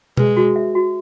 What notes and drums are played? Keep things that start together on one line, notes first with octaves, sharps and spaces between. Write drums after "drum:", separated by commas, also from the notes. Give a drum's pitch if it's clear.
G#3 B4, drum: tom B2
F#4
E5
F#4